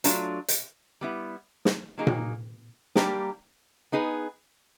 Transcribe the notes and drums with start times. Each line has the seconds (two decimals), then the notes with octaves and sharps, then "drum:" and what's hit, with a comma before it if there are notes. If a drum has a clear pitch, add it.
0.04 F#3 A3 D4 F4, drum: hi-hat
0.48 drum: hi-hat
1.01 G3 B3 E4
1.65 drum: snare
1.98 F#3 A#3 D#4 G#4
2.07 drum: tom A#2
2.95 G3 A#3 D4 G4 A#4, drum: snare
3.92 B3 D#4 G#4 B4